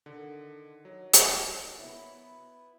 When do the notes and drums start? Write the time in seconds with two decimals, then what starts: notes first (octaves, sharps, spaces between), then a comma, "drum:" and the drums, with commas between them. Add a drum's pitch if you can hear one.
0.06 D3 D#3
0.85 F#3
1.13 drum: hi-hat
1.79 B3 E4